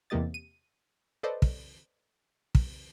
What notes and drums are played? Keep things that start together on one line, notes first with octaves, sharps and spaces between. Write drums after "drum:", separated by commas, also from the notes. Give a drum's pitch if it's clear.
E2 C3 A#3 G4 D#5 A6
D#7
A4 B4 C5 D5 D#5
drum: kick
drum: kick